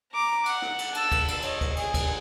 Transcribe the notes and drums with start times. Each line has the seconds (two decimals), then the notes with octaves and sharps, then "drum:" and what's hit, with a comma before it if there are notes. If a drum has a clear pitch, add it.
0.13 A#5 D6
0.46 F#5, drum: cymbal
0.62 drum: rim click
0.79 drum: cymbal
0.95 A5 E6, drum: cymbal
1.12 drum: kick, cymbal
1.28 drum: cymbal
1.42 C#5 D#5, drum: cymbal
1.61 drum: kick, cymbal
1.76 G#4, drum: cymbal
1.94 drum: kick, cymbal